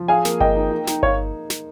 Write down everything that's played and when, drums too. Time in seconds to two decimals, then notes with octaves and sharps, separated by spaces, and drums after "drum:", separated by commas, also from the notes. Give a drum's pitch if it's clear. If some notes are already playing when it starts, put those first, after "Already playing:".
Already playing: F3
0.08 G#4 F5 G#5
0.25 A#3, drum: snare
0.40 A#3 D#5 G5, drum: kick G1
0.55 D#4
0.71 D#4
0.87 D#4, drum: snare
1.03 D#4 C#5 F5, drum: kick G1
1.50 drum: snare